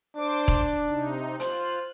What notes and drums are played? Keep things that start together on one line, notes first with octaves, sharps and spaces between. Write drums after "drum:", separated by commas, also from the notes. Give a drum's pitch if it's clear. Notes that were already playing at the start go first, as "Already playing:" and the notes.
D4 C5 D6
drum: kick E1
C3 D#4
F4 C5 F#6, drum: hi-hat